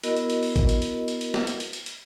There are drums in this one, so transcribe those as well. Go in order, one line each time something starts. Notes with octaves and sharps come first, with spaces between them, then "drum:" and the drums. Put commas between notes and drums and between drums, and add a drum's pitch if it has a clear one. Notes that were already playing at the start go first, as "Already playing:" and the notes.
B3 E4 F#4 A#4 D#5, drum: hi-hat
drum: hi-hat
drum: hi-hat
drum: open hi-hat
drum: kick A1, hi-hat
drum: hi-hat
drum: hi-hat
drum: hi-hat
drum: hi-hat
drum: snare
drum: hi-hat
drum: hi-hat
drum: hi-hat
drum: hi-hat